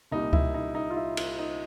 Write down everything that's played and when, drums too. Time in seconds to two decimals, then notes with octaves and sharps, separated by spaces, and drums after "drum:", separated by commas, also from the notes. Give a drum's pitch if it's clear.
0.11 C2 A#2 G3 D#4
0.33 E4, drum: kick C#2
0.54 D#4
0.75 D#4
0.90 F4
0.97 E4
1.17 F4, drum: cymbal
1.39 D#4